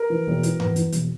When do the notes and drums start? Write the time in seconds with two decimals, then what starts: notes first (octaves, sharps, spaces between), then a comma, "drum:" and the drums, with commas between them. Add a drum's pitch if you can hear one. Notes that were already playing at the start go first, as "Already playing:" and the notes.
Already playing: A#4
0.10 E3
0.27 E1
0.43 E3, drum: hi-hat
0.60 E2, drum: tom G2
0.76 E3, drum: hi-hat
0.92 E1, drum: hi-hat